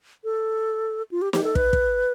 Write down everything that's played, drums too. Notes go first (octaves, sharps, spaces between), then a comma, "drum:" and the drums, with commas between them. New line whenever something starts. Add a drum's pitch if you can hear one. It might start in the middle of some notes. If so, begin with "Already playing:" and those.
A4
F4
G4
G4, drum: snare
A4
B4, drum: kick
drum: kick